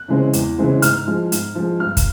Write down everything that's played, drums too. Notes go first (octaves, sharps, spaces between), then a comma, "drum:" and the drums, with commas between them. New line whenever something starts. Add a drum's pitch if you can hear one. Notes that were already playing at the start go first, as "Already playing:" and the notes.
Already playing: F#6
C#3 E3 G#3 C4
E2, drum: hi-hat
C#3 E3 G#3 C4
G#2 F6, drum: hi-hat
F3 G#3
G#2, drum: hi-hat
F3 G#3
G2 F6
drum: kick, hi-hat